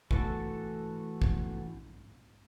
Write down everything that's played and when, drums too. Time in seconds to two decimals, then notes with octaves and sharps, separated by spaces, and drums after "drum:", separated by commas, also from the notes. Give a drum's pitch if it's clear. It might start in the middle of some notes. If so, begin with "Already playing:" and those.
0.11 E3 A3 F#4 A4, drum: kick
1.22 drum: kick